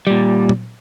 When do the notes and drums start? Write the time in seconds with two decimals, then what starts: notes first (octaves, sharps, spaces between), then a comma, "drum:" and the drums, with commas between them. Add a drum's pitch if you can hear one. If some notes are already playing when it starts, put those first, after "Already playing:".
0.07 A#2 G3
0.49 drum: tom A#2